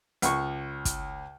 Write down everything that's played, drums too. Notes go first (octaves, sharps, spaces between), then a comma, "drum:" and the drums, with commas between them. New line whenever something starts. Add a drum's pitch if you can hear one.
C#2 C#6, drum: hi-hat
drum: kick, hi-hat